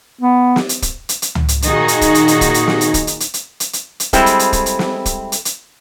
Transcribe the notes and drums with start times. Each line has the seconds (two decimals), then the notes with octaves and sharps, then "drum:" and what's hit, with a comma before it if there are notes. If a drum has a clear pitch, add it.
0.21 B3
0.56 drum: snare
0.69 drum: hi-hat
0.82 drum: kick, hi-hat
1.09 drum: hi-hat
1.22 drum: hi-hat
1.35 drum: tom C#2
1.48 drum: hi-hat
1.62 A#2 D#3 D#4 F#4 G#4, drum: hi-hat
1.88 drum: hi-hat
2.01 drum: kick, hi-hat
2.15 drum: hi-hat
2.28 drum: hi-hat
2.41 drum: kick, hi-hat
2.54 drum: hi-hat
2.67 drum: snare
2.81 drum: hi-hat
2.94 drum: kick, hi-hat
3.07 drum: hi-hat
3.20 drum: hi-hat
3.34 drum: hi-hat
3.60 drum: hi-hat
3.73 drum: hi-hat
4.00 drum: hi-hat
4.13 G3 G#3 C4 E4 A4, drum: kick, hi-hat
4.26 drum: hi-hat
4.39 drum: hi-hat
4.53 drum: kick, hi-hat
4.66 drum: hi-hat
4.79 drum: snare
5.06 drum: kick, hi-hat
5.32 drum: hi-hat
5.45 drum: hi-hat